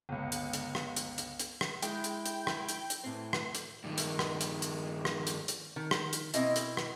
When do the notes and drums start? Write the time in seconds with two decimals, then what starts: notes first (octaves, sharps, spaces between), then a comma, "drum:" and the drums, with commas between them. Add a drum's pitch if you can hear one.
0.09 G1 C#2
0.32 drum: hi-hat
0.53 drum: hi-hat
0.75 drum: rim click
0.96 drum: hi-hat
1.18 drum: hi-hat
1.39 drum: hi-hat
1.61 drum: rim click
1.83 G#3 E4 G5, drum: hi-hat
2.04 drum: hi-hat
2.26 drum: hi-hat
2.47 drum: rim click
2.69 drum: hi-hat
2.90 drum: hi-hat
3.04 A2 E3 A3 C4
3.33 drum: rim click
3.55 drum: hi-hat
3.84 G2 D#3
3.98 drum: hi-hat
4.19 drum: rim click
4.41 drum: hi-hat
4.62 drum: hi-hat
5.05 drum: rim click
5.27 drum: hi-hat
5.48 drum: hi-hat
5.76 D#3
5.91 drum: rim click
6.13 drum: hi-hat
6.34 B2 C4 E4 D#5, drum: hi-hat
6.56 drum: hi-hat
6.77 drum: rim click